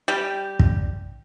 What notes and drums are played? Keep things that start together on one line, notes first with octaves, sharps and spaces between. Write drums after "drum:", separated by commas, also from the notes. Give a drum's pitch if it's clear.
G3 G4
drum: kick